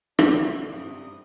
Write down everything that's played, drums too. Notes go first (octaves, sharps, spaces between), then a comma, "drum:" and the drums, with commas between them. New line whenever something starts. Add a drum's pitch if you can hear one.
A2 F#3 D4 F4, drum: rim click
G2 C3 D#6